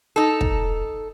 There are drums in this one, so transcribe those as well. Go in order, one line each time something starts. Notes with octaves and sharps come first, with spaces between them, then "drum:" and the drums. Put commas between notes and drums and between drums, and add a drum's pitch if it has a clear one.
D#4 A4
drum: kick